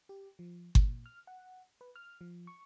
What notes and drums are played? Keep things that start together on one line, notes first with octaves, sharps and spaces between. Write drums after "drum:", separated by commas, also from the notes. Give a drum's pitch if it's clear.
G4
F3
A#2, drum: kick G1
F6
F#5
B4
F6
F3
C#6